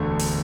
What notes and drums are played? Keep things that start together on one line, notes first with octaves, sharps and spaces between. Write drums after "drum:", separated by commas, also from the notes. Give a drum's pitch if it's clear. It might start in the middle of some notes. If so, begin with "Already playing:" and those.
Already playing: E1 D2 D3 A3
drum: open hi-hat